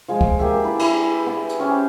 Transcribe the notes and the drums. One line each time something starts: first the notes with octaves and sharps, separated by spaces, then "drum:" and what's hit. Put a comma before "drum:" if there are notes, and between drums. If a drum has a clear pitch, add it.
F3 G#3
drum: kick
A#3 G4 G#4 E5
E4 B4 D5
E4, drum: cymbal
B3
drum: hi-hat
C#4 G4 C5 C#5